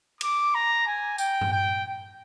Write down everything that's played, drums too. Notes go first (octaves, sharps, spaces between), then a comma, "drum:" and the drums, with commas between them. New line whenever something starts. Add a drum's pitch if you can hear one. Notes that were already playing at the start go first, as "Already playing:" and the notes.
D6, drum: cymbal
A#5
G#5
G5, drum: tambourine
drum: tom G2
G5